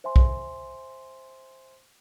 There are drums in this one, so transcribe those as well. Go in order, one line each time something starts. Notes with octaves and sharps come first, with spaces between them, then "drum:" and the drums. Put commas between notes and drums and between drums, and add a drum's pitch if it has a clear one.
C5 E5 G#5 C6
drum: kick B1